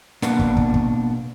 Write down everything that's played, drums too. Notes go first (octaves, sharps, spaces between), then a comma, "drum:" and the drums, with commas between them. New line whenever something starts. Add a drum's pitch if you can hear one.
B2 A#3 D4 B4 F#5, drum: snare
drum: kick
drum: kick
drum: kick